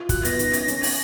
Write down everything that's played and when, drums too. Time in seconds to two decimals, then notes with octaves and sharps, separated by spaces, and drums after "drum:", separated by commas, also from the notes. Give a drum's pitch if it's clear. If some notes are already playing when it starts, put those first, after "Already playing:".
Already playing: F4
0.09 F#4 F#6, drum: kick, hi-hat
0.25 B3 A#6, drum: hi-hat
0.39 D#3, drum: hi-hat
0.53 C#4, drum: hi-hat
0.68 C#4, drum: hi-hat
0.83 C#4, drum: open hi-hat